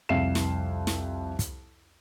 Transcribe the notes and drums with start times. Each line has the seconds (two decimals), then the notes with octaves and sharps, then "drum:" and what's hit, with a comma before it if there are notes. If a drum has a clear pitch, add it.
0.09 C2 F2 E5 F5 C7 E7
0.35 drum: snare
0.87 drum: snare
1.39 drum: kick, hi-hat